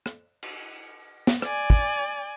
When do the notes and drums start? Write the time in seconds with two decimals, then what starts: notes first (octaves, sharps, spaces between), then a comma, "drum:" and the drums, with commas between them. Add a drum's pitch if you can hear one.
0.06 drum: rim click
0.43 drum: cymbal
1.27 drum: snare
1.42 D5 G#5, drum: rim click
1.70 drum: kick